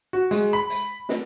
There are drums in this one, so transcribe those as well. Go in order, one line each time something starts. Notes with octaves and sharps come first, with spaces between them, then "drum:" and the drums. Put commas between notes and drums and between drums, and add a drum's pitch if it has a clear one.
F#4
G#3, drum: hi-hat
B5
drum: hi-hat
drum: snare